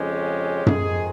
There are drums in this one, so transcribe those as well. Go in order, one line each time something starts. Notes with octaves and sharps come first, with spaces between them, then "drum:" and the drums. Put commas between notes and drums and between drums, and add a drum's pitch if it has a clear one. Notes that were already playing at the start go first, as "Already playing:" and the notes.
Already playing: F2 C#3 G#3 C#4 G4
F2 C3 D#3 G#3 G#4, drum: tom F#2